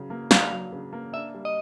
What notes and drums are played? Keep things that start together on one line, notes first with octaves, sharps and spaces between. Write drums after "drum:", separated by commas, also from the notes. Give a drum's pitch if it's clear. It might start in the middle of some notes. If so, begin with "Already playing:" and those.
Already playing: C#3 F#3
A#3
D4 F5, drum: snare
F#3
C#3
A#3
D4 E5
G3
D#5